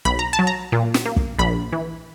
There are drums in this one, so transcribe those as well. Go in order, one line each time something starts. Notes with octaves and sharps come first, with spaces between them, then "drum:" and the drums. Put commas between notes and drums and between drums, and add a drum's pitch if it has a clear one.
B1 B5
A#5
A5
F#3
A#5
A#2
drum: snare
A#3
drum: kick
A#1 B5
E3